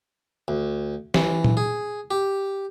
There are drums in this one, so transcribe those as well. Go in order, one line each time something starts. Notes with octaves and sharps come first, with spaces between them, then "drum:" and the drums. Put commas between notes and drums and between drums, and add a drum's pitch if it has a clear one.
D2
E3, drum: snare
drum: tom A#2
G#4
G4